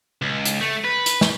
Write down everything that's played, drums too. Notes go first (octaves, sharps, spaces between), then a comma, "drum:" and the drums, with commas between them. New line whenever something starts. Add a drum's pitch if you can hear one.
C#2
drum: hi-hat
A3
B4
drum: hi-hat
drum: snare